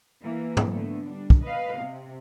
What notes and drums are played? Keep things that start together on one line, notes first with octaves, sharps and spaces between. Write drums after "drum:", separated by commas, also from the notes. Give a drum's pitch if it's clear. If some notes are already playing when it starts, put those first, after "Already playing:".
E3 A#3
drum: tom
D3 A3 B3
G3 D4
drum: kick
B4 D#5 F5
C3